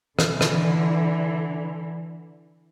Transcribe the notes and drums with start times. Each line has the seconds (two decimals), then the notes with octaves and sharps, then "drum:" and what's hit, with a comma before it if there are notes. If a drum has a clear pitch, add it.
0.19 D3 E3, drum: rim click
0.41 drum: rim click